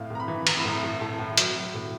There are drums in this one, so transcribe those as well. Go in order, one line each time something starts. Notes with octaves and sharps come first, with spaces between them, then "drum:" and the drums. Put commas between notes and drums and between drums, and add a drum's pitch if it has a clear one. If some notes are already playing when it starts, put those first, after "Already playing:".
Already playing: A2 F5
A2 A#5
B5
E3
E3 A#5, drum: cymbal
B5
A2 A#5
A2
A2 A5
A2
F#3, drum: hi-hat
F#3
A2